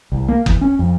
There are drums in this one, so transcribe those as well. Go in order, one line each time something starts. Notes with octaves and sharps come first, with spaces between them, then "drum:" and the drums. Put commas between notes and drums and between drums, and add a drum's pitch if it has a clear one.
C2
A#3
E2, drum: kick F#1
C#4
F2